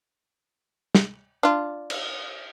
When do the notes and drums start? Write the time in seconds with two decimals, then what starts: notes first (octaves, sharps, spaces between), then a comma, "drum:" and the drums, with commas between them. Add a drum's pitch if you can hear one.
0.95 drum: snare
1.43 D4 F4
1.90 drum: cymbal